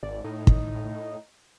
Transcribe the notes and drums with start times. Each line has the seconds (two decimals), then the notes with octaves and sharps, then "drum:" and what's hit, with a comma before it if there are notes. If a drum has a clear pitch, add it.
0.03 G#1 D5
0.24 A2 D#4
0.47 drum: kick